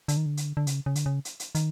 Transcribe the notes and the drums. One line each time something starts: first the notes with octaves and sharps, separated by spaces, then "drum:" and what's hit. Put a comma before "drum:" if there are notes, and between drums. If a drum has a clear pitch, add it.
D3, drum: hi-hat
D#3
D3
drum: hi-hat
D3
C#3, drum: hi-hat
C#3
D3, drum: hi-hat
C#3
drum: hi-hat
drum: hi-hat
D#3, drum: hi-hat